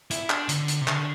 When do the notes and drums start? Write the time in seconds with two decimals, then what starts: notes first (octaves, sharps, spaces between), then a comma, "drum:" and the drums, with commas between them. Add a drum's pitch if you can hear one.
0.11 E4, drum: hi-hat
0.30 D4, drum: clap
0.49 D3, drum: hi-hat
0.68 drum: hi-hat
0.81 C3
0.87 D3, drum: clap